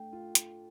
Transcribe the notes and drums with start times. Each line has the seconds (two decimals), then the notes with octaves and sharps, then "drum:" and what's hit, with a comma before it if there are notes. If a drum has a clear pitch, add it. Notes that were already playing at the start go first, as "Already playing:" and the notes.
Already playing: A3 D4 G5
0.13 F4
0.35 drum: hi-hat